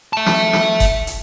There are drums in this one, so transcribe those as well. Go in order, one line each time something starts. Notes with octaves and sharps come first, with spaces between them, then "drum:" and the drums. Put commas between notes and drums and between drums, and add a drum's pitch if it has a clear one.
E5 A5
drum: snare
drum: snare
drum: kick F#1, hi-hat
drum: hi-hat